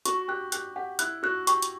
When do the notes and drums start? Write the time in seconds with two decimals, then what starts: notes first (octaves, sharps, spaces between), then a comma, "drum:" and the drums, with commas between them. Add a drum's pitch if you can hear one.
0.05 F#4 C#6, drum: hi-hat
0.28 G4 F#6
0.52 G4 F#6, drum: hi-hat
0.76 G4 F#5
0.99 E4 F#6, drum: hi-hat
1.23 F#4 F#6
1.47 G4 C#6, drum: hi-hat
1.62 drum: hi-hat